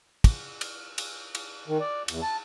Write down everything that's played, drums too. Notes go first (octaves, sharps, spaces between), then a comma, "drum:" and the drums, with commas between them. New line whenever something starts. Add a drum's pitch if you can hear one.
drum: kick, cymbal
drum: cymbal
drum: cymbal
drum: cymbal
D#3
D5
E2, drum: cymbal
A5